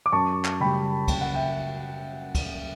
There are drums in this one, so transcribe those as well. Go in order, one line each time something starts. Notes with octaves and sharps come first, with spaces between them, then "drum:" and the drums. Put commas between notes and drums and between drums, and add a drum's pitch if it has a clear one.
D6
F#2 A5 C#6
drum: clap
C#3 G3 G5 B5
F#1 G5, drum: kick, cymbal
F#5
E5 G5
drum: kick, cymbal